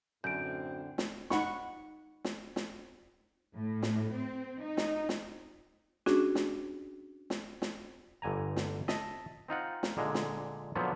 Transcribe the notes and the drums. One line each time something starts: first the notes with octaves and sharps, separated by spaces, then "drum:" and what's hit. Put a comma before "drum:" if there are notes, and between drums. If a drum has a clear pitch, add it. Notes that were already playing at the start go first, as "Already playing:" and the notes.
F#2 A2 D3 C4 G6 D7
drum: snare
D#4 F#5 B5 C#6, drum: snare
drum: snare
drum: snare
A2
drum: snare
C4
D#4
drum: snare
drum: snare
C#4 D4 F#4 G#4, drum: snare
drum: snare
drum: snare
drum: snare
G1 D3 G#5 A#5
drum: snare
D#5 E5 A5, drum: snare
C4 D#4 F4 F#5
drum: snare
A#2 D3 G#3
drum: snare
A#2 D3 F3 F#3 B3